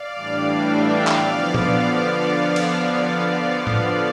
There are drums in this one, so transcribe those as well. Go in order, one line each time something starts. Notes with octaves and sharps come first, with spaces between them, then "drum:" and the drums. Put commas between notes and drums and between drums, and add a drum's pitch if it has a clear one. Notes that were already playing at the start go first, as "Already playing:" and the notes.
Already playing: D5 F5
A2 E3 G3 D4
E5 G5
D3 F3 B3 D5 F5, drum: clap
D5 F5, drum: tom A#2
drum: cymbal
drum: tom A2